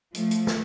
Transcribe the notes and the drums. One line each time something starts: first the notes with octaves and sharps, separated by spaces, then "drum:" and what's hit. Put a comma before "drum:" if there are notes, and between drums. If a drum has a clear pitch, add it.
F3 A3, drum: hi-hat
drum: hi-hat
drum: snare